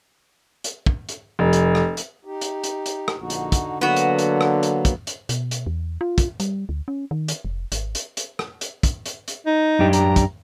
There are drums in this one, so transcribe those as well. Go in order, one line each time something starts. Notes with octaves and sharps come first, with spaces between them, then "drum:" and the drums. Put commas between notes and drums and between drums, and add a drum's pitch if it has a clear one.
drum: hi-hat
drum: kick
drum: hi-hat
F1
drum: hi-hat
drum: rim click
drum: hi-hat
D#4 G4
drum: hi-hat
drum: hi-hat
drum: hi-hat
drum: rim click
A#1 D3 D#4 F#4
drum: hi-hat
drum: kick, hi-hat
D3 F#3 A#3 B3 F#4
drum: hi-hat
drum: hi-hat
drum: rim click
drum: hi-hat
drum: kick, hi-hat
drum: hi-hat
B2, drum: hi-hat
drum: hi-hat
E2
F4
drum: kick, hi-hat
G3, drum: hi-hat
D2
C#4
D#3
drum: hi-hat
F1
G#1, drum: hi-hat
drum: hi-hat
drum: hi-hat
drum: rim click
drum: hi-hat
drum: kick, hi-hat
drum: hi-hat
drum: hi-hat
D#4
F#2 D4 G4
A#5, drum: hi-hat
drum: kick, hi-hat